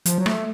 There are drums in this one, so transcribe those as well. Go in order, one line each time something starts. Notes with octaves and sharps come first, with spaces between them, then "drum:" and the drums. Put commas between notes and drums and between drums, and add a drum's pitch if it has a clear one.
F3, drum: hi-hat
F#3
A3, drum: rim click